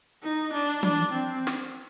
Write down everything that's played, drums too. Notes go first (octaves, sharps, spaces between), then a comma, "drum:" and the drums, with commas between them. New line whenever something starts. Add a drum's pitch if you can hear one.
D#4
D4
D4, drum: tom E3
C4
drum: snare